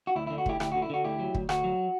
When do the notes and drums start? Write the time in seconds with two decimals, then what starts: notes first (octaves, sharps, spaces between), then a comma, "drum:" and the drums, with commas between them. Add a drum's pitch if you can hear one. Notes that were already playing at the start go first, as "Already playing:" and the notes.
0.07 F#4
0.16 D2 E4
0.27 E4
0.30 D3
0.38 F#4
0.46 D2 E4 G4, drum: kick
0.60 D2 E4 G4, drum: rim click
0.72 F#4
0.75 D3
0.82 E4
0.90 D3 F#4
1.04 D2 E4 G4
1.20 F#3
1.34 D2, drum: kick
1.49 D2 F#4, drum: rim click
1.64 F#3